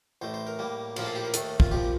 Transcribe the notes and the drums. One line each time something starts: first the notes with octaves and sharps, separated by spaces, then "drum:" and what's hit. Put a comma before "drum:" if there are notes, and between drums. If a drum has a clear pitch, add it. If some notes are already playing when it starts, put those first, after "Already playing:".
A1 A2 A3 C5
C5
A#4
A2 G3 A#3
A#1 A2 F3 A#3 A#4, drum: cymbal
A4
G4
A#4
D#2 D#3 A3 A4, drum: hi-hat
F4, drum: kick
A#1 A#2 F3 G4